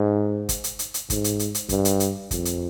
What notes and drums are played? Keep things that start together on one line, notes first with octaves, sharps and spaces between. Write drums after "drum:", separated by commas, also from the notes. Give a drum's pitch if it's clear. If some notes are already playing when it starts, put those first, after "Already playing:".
Already playing: G#2
drum: kick, hi-hat
drum: hi-hat
drum: hi-hat
drum: hi-hat
G#2, drum: kick, hi-hat
drum: hi-hat
drum: hi-hat
drum: hi-hat
G2, drum: kick, hi-hat
drum: hi-hat
drum: hi-hat
F2, drum: kick, hi-hat
drum: hi-hat